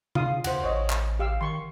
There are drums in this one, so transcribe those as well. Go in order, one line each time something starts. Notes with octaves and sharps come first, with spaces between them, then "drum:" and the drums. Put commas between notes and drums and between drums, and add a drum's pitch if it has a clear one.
C#3 F4 F5 D#6, drum: tom C3
E2 C5 F#5, drum: cymbal
A1 C#5 D#5
drum: clap
G4 F5 E6
D#3 C6 C#6